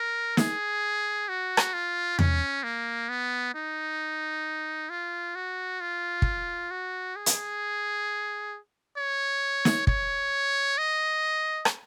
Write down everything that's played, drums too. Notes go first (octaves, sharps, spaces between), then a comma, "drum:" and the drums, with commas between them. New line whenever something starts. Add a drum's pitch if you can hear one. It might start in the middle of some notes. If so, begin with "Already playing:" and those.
Already playing: A#4
G#4, drum: snare
F#4
drum: rim click
F4
C#4, drum: tom E2
A#3
B3
D#4
F4
F#4
F4
drum: kick
F#4
G#4
drum: hi-hat
C#5
drum: snare
C#5, drum: kick
D#5
drum: rim click